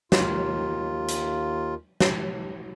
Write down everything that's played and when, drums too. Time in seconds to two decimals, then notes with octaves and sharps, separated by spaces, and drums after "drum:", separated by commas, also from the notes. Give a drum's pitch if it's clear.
0.12 D#2 F4, drum: snare
1.08 drum: hi-hat
2.00 drum: snare